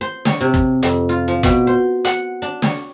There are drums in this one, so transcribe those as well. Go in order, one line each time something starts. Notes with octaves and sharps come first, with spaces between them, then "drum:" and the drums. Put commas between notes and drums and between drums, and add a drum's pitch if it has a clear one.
C5
C#5, drum: snare
C3
drum: kick
F2, drum: hi-hat
F4
F3
B2, drum: kick, hi-hat
C5
F#5, drum: hi-hat
D4
C#5, drum: snare